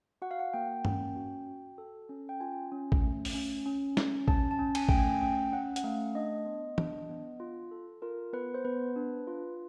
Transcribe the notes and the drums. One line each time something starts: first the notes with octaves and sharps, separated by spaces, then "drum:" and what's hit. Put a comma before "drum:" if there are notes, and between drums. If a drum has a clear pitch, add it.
F#4 F#5
F5
F#5
A#3 G5
C#4, drum: tom G2
F#4
F#4
A4
C#4
G5
F4 G#5
C#4
drum: kick
A3
drum: open hi-hat
C#4
C#4
C#4, drum: snare
C#4 A5, drum: kick
A5
C#4
G#5, drum: cymbal
A3 G5, drum: kick
G#5
C#4 G5
C#4 F#5
F#5, drum: hi-hat
A3 F5
D4 D#5
B3
D4, drum: tom
B3
F4
A4
F4 A#4
B3 B4
C5
B3 B4
D4
F4